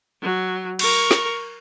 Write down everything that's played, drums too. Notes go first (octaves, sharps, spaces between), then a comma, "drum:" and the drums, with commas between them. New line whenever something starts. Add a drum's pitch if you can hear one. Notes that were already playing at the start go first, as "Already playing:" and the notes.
F#3
A#4 C#6, drum: cymbal
drum: snare